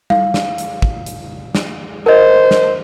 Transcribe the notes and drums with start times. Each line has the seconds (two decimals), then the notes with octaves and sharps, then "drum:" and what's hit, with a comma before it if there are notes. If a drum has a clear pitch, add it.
0.10 F5, drum: tom G3
0.34 drum: snare
0.58 drum: hi-hat
0.82 drum: kick
1.06 drum: hi-hat
1.55 drum: snare
2.06 A#4 C5 D#5
2.51 drum: snare